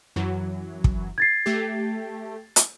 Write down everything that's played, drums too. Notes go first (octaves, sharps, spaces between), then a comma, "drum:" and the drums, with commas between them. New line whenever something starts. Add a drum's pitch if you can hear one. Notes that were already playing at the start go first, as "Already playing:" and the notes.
F#2 E3 F#3
drum: kick
G#6 A6 C7
A3 G4
drum: hi-hat